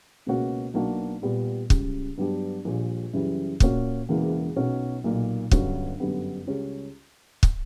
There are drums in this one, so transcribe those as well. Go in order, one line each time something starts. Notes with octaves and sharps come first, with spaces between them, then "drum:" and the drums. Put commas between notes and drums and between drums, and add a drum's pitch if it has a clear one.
C#2 B2 A#3 C#4 F#4
B1 B2 A#3 D4 F#4
A#2 G3 B3
C#2 C#3 G3, drum: kick
G2 F#3 B3 D4 G4
A#1 A#2 G3
F#2 C#3 E3 G3
A#2 A#3 C#4 F#4, drum: kick
E1 E2 C#3 E3 A#3
B1 B2 F#3 C#4
B1 A#2 A#3
G1 G2 F#3 C#4 F#4, drum: kick
G1 F#2 D3 G3 B3
C#2 C#3 G3 C#4 G4
drum: kick